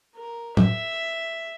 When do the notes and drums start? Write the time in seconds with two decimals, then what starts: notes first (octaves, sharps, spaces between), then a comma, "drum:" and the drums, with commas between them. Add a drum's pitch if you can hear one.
0.15 A#4
0.57 E5, drum: tom